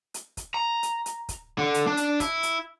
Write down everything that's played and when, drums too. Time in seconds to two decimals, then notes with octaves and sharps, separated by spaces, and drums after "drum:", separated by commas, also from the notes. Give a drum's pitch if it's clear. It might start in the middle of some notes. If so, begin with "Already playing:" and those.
0.14 drum: hi-hat
0.37 drum: kick, hi-hat
0.54 A#5
0.83 drum: hi-hat
1.06 drum: hi-hat
1.29 drum: kick, hi-hat
1.58 D3
1.74 drum: hi-hat
1.87 D4
1.97 drum: hi-hat
2.20 E4, drum: kick, hi-hat
2.43 drum: hi-hat